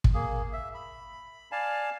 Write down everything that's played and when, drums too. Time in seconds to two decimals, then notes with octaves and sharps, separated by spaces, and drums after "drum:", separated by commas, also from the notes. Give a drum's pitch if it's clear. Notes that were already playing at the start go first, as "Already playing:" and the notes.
0.04 drum: kick
0.14 A#3 G#4
0.53 E5
0.75 B5
1.52 D5 F5 G#5 A5